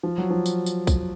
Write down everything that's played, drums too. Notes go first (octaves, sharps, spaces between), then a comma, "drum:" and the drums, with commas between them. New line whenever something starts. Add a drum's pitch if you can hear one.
F3
F#3
F3
drum: tambourine
drum: tambourine
drum: kick, tambourine